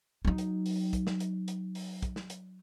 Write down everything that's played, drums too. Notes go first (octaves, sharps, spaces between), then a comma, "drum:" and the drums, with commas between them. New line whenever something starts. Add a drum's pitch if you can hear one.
F#3 D#4
drum: hi-hat
drum: open hi-hat
drum: kick, hi-hat
drum: snare
drum: hi-hat
drum: hi-hat
drum: open hi-hat
drum: kick, hi-hat
drum: snare
drum: hi-hat